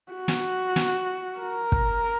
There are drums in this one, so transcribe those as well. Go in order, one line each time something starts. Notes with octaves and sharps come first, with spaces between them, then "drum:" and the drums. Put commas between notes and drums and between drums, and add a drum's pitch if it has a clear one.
F#4
drum: snare
drum: snare
A#4
drum: kick